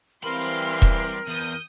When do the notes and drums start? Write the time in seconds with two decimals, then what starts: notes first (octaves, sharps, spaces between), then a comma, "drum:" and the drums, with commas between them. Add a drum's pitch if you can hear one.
0.24 E3 G3 C4 A#4 F5 B5 C6
0.82 drum: kick E1
1.27 E2 D#6 G6